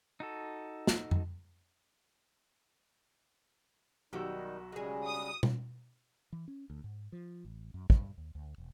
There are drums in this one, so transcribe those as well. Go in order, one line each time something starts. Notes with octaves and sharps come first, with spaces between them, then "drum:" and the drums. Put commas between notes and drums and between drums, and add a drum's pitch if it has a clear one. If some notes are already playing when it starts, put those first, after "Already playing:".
D#4 F#4 A4
drum: snare
drum: tom F2
B1 D#3 G3 D#4 F#4 G4 E6
C#3 G3 G#3 G#4
D#6
drum: tom B2
E3
C#4
D2
G#2
F3
A1
F#2
G2, drum: kick
D#2
D2
E1